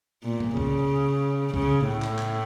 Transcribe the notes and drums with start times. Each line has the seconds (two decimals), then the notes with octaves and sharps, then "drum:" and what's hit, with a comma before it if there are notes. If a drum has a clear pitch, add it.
0.24 A#2
0.40 drum: tom G#2
0.57 C#3, drum: kick
1.54 C#3, drum: kick
1.86 A2
2.02 drum: clap
2.19 drum: clap